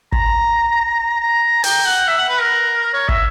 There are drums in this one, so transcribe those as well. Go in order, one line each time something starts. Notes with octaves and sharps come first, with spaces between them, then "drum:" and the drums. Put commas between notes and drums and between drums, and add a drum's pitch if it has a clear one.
A#5, drum: kick
A#5
G5, drum: open hi-hat
F#5
E5
F#5
B4
A#4
C#5
E5, drum: kick